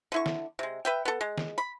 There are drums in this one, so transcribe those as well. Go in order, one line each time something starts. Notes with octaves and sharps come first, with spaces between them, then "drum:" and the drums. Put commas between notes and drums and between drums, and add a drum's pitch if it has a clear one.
D3 E4 C#6
drum: snare
C3 G#3
B4 E5 G5
B3 A4
G#3
drum: snare
B5